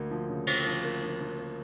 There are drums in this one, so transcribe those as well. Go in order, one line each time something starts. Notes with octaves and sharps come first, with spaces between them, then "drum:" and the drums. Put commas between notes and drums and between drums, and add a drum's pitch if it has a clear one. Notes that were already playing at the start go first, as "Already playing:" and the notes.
Already playing: D2 A#3
F3
C#3
F3, drum: cymbal
F3
A#3
F3
F3
A#3